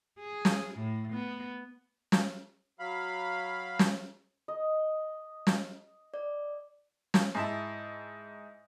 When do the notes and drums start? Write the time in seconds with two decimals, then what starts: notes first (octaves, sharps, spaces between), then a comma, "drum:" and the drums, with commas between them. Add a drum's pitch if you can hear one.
0.19 G#4
0.45 drum: snare
0.74 A2
1.13 B3
2.12 drum: snare
2.79 F#3 F5 B5
3.79 drum: snare
4.48 D#5
5.47 drum: snare
6.14 D5
7.14 drum: snare
7.35 G#2 E4 A5